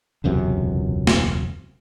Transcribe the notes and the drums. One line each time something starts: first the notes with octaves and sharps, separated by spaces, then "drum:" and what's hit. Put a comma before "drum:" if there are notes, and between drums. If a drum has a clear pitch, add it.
E1 C#2 F#2 C3
drum: snare